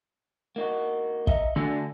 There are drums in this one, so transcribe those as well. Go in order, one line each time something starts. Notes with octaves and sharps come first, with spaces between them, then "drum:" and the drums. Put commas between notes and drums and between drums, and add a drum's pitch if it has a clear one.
A#3 D#4 F#4
D#5 E5 A#5, drum: kick
D2 D3 F#4 G#5